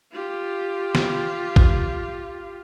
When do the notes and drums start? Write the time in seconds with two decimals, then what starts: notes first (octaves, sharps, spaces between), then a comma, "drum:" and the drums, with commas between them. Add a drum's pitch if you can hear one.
0.13 F4 G4
0.95 drum: snare
1.56 drum: kick